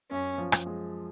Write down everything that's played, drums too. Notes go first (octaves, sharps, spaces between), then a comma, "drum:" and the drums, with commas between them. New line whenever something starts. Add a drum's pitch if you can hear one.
F#2 C#4
F3
drum: rim click
G#3